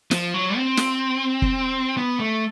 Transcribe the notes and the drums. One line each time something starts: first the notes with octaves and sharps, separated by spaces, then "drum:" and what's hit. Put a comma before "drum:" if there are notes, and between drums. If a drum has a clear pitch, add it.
F3, drum: snare
F#3
C4
drum: snare
drum: kick
B3
A3